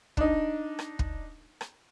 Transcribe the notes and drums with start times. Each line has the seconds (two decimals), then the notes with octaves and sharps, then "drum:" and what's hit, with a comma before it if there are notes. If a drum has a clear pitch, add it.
0.17 D4 D#4, drum: kick
0.79 drum: rim click
0.99 drum: kick
1.61 drum: rim click